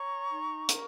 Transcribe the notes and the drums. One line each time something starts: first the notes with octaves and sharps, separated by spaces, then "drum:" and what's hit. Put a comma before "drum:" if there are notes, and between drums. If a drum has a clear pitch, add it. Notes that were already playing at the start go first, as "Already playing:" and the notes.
Already playing: C#5 A#5 C#6
D#4
A#4, drum: hi-hat